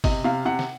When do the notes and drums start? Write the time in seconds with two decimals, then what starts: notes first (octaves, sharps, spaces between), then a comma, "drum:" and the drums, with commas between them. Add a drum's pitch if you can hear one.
0.04 C3 D#5, drum: kick G1, open hi-hat
0.24 C3 F5
0.45 C3 F#5
0.59 drum: snare